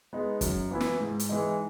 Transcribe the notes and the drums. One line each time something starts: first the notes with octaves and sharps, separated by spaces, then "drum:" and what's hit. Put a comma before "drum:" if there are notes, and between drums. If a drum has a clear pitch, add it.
G#3 B3 D#4
F#2, drum: kick, hi-hat
E3 B3 E4
drum: snare
G#2
drum: hi-hat
E3 G#3 D#4